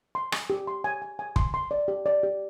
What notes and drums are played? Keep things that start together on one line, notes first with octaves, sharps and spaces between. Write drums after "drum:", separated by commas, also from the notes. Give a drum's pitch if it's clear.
C6
G#5, drum: rim click
G4
C6
G#5
G#5
G#5
C6, drum: kick
C6
D5
G4
D5
G4